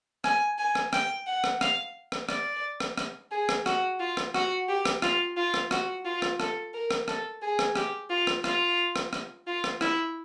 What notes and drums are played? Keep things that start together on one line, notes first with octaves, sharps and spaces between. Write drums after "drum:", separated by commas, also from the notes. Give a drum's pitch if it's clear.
G#5, drum: rim click
G#5
drum: rim click
G5, drum: rim click
F#5
drum: rim click
F5, drum: rim click
drum: rim click
D5, drum: rim click
drum: rim click
drum: rim click
G#4
drum: rim click
F#4, drum: rim click
F4
drum: rim click
F#4, drum: rim click
G4
drum: rim click
F4, drum: rim click
F4
drum: rim click
F#4, drum: rim click
F4
drum: rim click
A4, drum: rim click
A#4
drum: rim click
A4, drum: rim click
G#4
drum: rim click
G4, drum: rim click
F4
drum: rim click
F4, drum: rim click
drum: rim click
drum: rim click
F4
drum: rim click
E4, drum: rim click